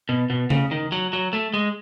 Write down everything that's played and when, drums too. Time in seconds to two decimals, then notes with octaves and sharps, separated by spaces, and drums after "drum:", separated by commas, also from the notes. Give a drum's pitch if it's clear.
0.09 B2
0.30 B2
0.50 C#3, drum: tom C#3
0.71 D#3
0.92 F#3
1.13 F#3
1.33 A3
1.54 G#3